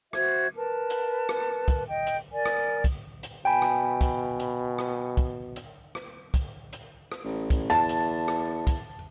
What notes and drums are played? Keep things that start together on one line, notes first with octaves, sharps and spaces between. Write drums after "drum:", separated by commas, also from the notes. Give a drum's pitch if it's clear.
F#4 C5 E5 G#6, drum: rim click
A#4 B4 A5
drum: hi-hat
drum: rim click
drum: kick, hi-hat
D#5 G5
drum: hi-hat
A#4 D5 G#5
drum: rim click
drum: kick, hi-hat
drum: hi-hat
B2 G5 G#5 B5
drum: rim click
drum: kick, hi-hat
drum: hi-hat
drum: rim click
drum: kick, hi-hat
drum: hi-hat
drum: rim click
drum: kick, hi-hat
drum: hi-hat
drum: rim click
A1
drum: kick, hi-hat
E2 A5
drum: hi-hat
drum: rim click
drum: kick, hi-hat